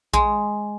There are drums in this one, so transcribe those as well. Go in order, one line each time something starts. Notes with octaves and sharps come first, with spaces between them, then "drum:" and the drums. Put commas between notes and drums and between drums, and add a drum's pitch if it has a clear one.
G#3, drum: kick A#1